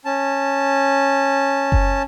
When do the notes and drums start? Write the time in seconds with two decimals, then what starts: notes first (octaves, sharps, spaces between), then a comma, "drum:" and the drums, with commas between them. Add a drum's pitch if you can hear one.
0.05 C#4 A5
1.72 drum: kick F#1